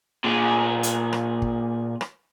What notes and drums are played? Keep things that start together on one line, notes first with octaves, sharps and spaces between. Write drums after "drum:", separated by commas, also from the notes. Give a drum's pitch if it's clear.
A#2 G#4
drum: hi-hat
drum: rim click
drum: kick
drum: rim click